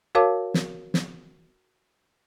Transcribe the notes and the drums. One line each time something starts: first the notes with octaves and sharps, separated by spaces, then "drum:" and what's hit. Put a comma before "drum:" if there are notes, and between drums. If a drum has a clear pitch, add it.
F#4 A#4 C#5 F5 A5 D6
drum: snare
drum: snare